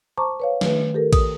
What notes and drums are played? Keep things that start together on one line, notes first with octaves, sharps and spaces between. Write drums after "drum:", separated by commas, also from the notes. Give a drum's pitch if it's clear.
C5 A5 A#5 C#6 D6
B4 C#5 F5
D#3 A3 B4, drum: snare
G4 A4 A#4
D#6, drum: kick A#1, cymbal